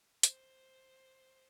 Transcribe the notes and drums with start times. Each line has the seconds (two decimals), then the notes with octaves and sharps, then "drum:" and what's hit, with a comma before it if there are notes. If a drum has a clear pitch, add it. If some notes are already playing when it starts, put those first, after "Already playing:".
0.23 C5, drum: hi-hat